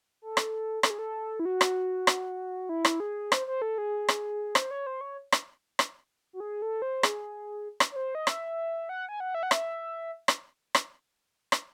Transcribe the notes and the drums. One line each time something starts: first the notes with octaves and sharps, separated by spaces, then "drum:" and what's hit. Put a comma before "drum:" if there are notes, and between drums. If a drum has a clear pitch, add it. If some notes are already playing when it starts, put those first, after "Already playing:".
A4
drum: rim click
A4, drum: rim click
G#4
A4
E4
F#4
drum: rim click
drum: rim click
E4
drum: rim click
G#4
C5, drum: rim click
C5
A4
G#4
drum: rim click
C5, drum: rim click
C#5
C5
C#5
drum: rim click
drum: rim click
F#4
G#4
A4
C5
G#4, drum: rim click
drum: rim click
C#5
C5
D#5
E5, drum: rim click
F#5
G#5
F#5
E5
F#5
E5, drum: rim click
drum: rim click
drum: rim click
drum: rim click